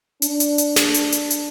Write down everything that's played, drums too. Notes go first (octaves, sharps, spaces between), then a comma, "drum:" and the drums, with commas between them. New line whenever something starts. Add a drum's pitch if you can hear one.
D4, drum: hi-hat
drum: hi-hat
drum: hi-hat
drum: snare
drum: hi-hat
drum: hi-hat
drum: hi-hat